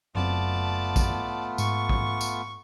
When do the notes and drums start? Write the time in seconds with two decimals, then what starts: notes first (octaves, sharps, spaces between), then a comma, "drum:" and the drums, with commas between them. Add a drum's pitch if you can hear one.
0.15 F#1 F#2 A3 B3 C4 F4 D5 A5
0.96 drum: kick A#1, tambourine
1.58 G#2 C#6, drum: tambourine
1.89 drum: kick A#1
2.21 drum: tambourine